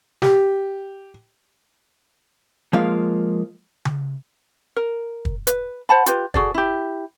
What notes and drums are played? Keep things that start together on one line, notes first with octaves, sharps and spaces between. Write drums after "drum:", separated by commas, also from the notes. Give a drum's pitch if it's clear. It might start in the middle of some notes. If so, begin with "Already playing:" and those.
G4, drum: snare
F3 G#3 A#3 F4 F5
drum: tom C#3
A#4
drum: kick
B4, drum: hi-hat
C5 F#5 A5 B5
F4 G4 B4, drum: hi-hat
F#4 G#4 A4 D5, drum: kick
E4 G4